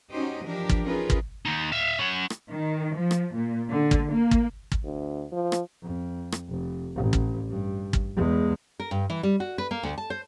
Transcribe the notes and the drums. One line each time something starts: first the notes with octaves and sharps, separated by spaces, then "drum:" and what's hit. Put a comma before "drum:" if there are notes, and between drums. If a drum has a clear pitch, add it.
C#4 D#4 F#4 G4 C5 D#5
E3 F3 D4 G4 A#4
drum: kick
C#4 D#4 F4 G#4 A#4 B4
drum: kick
D#2 D#4
E5 F5
C#4 F#5
drum: rim click
D#3
F3
drum: rim click
A#2
D3
drum: kick
A#3
drum: kick
drum: kick
D2
F3
drum: rim click
F2
drum: rim click
F1
A1
drum: kick
G2
drum: kick
E2 G#3
A#4
G2
E3
G3
F#4
B4
A#3
D2
A5
C5